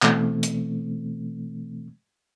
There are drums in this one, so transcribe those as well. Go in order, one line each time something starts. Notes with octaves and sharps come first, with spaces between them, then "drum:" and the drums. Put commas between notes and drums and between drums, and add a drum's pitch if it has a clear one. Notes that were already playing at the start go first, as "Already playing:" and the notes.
B2 E3 A3 C4, drum: clap
drum: hi-hat